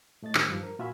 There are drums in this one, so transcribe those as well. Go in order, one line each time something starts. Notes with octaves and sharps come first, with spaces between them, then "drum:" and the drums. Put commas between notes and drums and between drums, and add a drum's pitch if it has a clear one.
A2 A3 D#5 A6
D#3 D6 F6, drum: clap
G2 F3
A#4
A#2 F4 F#4 E5 G#5 B5